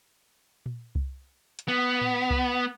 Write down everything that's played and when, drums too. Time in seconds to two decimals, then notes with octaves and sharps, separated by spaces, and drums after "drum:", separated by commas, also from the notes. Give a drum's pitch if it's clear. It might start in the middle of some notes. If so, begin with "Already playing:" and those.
0.66 drum: tom A#2
0.95 drum: kick C2
1.59 drum: hi-hat
1.68 B3
2.01 drum: tom A2
2.30 drum: kick C2